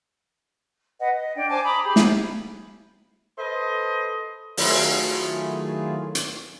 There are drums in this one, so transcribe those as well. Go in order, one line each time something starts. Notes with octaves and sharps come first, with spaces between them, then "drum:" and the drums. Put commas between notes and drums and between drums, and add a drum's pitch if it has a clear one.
B4 D#5 F#5
D#5
D4 D5 G5
C5 G#5 A5 D6
A#5 B5 D6 D#6
G4 G#4 B5
drum: snare
A4 B4 C5 D#5
D#3 F#3 A3 E4 F4 G#4, drum: open hi-hat
drum: hi-hat